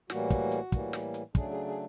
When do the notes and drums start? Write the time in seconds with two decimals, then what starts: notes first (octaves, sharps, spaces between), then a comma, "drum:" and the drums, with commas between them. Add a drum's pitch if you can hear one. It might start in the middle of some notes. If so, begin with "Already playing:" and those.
0.10 A2 E3 G3 A#3 F#4, drum: snare
0.30 drum: kick, hi-hat
0.51 drum: hi-hat
0.72 A2 E3 G3 A#3, drum: kick, hi-hat
0.93 drum: snare
1.14 drum: hi-hat
1.35 C#3 F#3 A3 D4 G#4, drum: kick, hi-hat
1.51 G#4
1.66 G#4